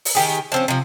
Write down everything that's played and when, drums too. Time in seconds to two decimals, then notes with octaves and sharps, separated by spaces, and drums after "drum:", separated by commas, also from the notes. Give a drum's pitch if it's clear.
0.05 drum: open hi-hat
0.15 D#3 G4 G#4
0.52 F3 C4 C#4
0.68 C3 F3